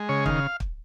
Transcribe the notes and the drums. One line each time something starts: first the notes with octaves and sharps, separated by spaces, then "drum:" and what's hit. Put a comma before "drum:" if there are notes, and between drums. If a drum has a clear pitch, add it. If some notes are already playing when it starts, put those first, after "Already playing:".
Already playing: G#3
C#3 C#5
D#3 F5, drum: kick
drum: kick